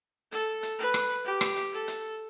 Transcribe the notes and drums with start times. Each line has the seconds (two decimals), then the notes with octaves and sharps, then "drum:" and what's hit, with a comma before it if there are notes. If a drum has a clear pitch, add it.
0.32 A4, drum: hi-hat
0.63 drum: hi-hat
0.79 B4
0.94 drum: rim click
1.25 G4
1.41 drum: rim click
1.56 drum: hi-hat
1.73 A4
1.88 drum: hi-hat